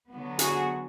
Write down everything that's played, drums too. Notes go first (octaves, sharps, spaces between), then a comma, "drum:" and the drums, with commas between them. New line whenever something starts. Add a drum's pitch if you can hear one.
D3 F#3 B3
F#4 G#4, drum: hi-hat